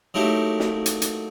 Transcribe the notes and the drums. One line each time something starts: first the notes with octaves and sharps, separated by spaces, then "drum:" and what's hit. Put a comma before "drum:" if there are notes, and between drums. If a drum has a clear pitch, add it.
F#3 A3 A#3 D#4 E4 G4
drum: snare
drum: hi-hat
drum: hi-hat